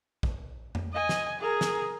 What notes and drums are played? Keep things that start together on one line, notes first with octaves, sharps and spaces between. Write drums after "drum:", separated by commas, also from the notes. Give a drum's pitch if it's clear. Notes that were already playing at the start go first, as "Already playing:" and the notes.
drum: kick A#1
drum: tom F2
D#5 G#5
drum: snare
G#4 A#4
drum: snare